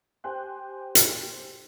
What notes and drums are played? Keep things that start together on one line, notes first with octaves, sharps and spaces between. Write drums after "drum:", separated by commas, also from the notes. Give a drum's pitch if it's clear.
G4 C5 G5 G#5 C6 F#6
drum: hi-hat